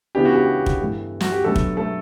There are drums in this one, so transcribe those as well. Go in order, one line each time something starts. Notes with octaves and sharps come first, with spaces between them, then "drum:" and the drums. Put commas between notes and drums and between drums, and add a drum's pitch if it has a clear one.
C#3 E3 B3 D4 G4
F#4
G4
drum: kick
G2 E3 A3
F#4, drum: snare
G4
B2 F#3 A3 B3 D4 A4
drum: kick
A3 A4